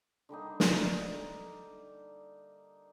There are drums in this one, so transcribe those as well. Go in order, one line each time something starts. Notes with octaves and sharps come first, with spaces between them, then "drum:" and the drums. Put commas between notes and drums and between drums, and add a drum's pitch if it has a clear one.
D3 G3 A#3 D#4
drum: snare